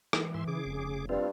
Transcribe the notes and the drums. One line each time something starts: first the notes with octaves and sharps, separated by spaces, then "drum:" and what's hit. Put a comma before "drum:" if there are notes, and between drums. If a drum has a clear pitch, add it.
E3 G#4 A4, drum: rim click
G#2 E5 C6
C#3 G#4 D6
F1
G2 C4 F4